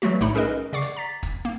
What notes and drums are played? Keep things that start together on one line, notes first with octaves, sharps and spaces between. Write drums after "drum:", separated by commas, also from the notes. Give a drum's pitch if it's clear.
E3 F#3 G3 A3 F#4
B1 A2 A3 D#4 B5 C#7, drum: hi-hat
C#4 G#4 A#4 B4 D#5
C#3 D5 F#5 C#6 D6 C7
drum: hi-hat
A#5 A6 B6
drum: kick, hi-hat
A#3